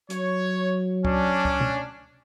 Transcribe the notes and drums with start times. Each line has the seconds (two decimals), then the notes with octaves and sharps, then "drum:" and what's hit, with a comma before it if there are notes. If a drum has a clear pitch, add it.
0.10 F#3 C#5, drum: hi-hat
1.05 C#4 D4, drum: kick C#2
1.45 drum: kick C#2
1.61 drum: tom